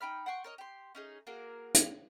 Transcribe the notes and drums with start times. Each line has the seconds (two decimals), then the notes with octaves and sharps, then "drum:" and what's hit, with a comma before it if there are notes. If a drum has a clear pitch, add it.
0.01 D#4 G5 B5 F6
0.26 F#5 G5 C6 C#6
0.44 A#4 C#5 D#5
0.58 G4 C6
0.95 C#4 D#4 G#4
1.27 A#3 F#4 G#4 A#4
1.74 drum: hi-hat